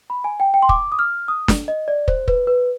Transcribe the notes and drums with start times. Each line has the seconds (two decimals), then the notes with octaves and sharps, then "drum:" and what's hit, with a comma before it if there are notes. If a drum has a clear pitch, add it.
0.10 B5
0.24 G#5
0.40 G5
0.54 G5
0.62 C6
0.69 D6, drum: kick
0.92 D#6
0.99 F6
1.28 D#6
1.48 drum: snare
1.68 D#5
1.88 D5
2.08 C5, drum: kick
2.28 B4, drum: kick
2.47 B4